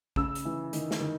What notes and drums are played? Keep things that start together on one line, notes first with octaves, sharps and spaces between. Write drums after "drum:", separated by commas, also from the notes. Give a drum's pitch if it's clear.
C#3 E6, drum: kick
drum: hi-hat
E3
D#3, drum: hi-hat
drum: snare
D#3